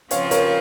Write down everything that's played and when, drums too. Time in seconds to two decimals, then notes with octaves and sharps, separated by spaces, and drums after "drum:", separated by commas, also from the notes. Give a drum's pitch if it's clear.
0.11 C#3 F3 C4 F4 C#5 F5, drum: hi-hat
0.31 A#4 C#5, drum: hi-hat